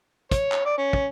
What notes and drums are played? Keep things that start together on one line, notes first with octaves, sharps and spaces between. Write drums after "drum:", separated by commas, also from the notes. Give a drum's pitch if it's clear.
C#5, drum: kick, hi-hat
drum: clap
D5
C#4
drum: kick